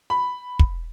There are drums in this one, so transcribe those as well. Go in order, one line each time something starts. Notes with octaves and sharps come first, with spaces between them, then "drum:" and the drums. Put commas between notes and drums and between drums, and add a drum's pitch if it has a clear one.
B5
drum: kick